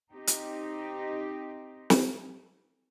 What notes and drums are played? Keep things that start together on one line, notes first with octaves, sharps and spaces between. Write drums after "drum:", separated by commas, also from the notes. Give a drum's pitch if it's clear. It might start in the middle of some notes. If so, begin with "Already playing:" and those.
C4 D#4 G4
drum: hi-hat
drum: snare